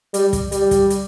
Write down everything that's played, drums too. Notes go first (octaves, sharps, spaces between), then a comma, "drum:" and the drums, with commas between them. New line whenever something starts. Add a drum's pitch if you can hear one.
G3, drum: hi-hat
drum: kick, hi-hat
G3, drum: hi-hat
drum: kick, hi-hat
drum: hi-hat